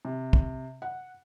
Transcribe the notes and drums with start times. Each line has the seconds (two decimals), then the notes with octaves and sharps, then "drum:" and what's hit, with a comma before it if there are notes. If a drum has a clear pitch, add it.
0.05 C3
0.33 drum: kick
0.82 F#5